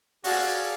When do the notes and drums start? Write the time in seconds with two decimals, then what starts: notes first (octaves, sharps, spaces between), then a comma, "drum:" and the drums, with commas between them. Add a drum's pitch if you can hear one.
0.24 F#4 G#4 D5 F5 A5, drum: open hi-hat